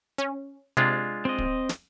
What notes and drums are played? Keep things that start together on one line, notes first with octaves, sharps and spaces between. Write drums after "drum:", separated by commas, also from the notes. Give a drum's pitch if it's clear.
C#4
C3 G#3 D4 F4
C4 D#5
drum: kick
drum: snare